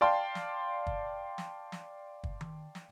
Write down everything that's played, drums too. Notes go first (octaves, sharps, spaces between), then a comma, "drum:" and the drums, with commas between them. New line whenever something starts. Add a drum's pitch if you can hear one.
D5 F5 G5 A5 C6
drum: snare
drum: kick
drum: snare
drum: snare
drum: kick
drum: tom D#3
drum: snare